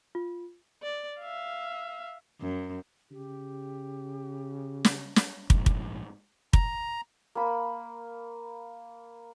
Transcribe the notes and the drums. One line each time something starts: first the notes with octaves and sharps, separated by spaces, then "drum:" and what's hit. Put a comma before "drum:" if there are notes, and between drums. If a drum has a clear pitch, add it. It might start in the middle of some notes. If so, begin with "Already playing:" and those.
F4
D5
E5 F5
F#2
C#3 G4
drum: snare
drum: snare
A#1 G#2, drum: kick
drum: kick
A#5, drum: kick
A#3 B5